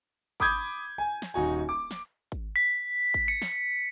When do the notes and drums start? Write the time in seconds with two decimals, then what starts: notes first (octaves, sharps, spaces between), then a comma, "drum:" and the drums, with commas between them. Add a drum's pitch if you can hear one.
0.40 B5 D6 D#6 G6 G#6, drum: kick G#1
0.98 G#5
1.22 drum: snare
1.34 D#1 D#4 F#4 G#5
1.69 D6
1.91 drum: snare
2.32 drum: kick G#1
2.56 B6
3.14 drum: kick G#1
3.28 C#7
3.42 drum: snare